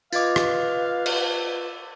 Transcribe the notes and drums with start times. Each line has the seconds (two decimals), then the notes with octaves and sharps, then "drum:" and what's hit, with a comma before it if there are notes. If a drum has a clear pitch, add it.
0.13 F4 B4 D#5 F5 D6 G#6 A6, drum: tambourine
0.36 drum: rim click
1.06 drum: cymbal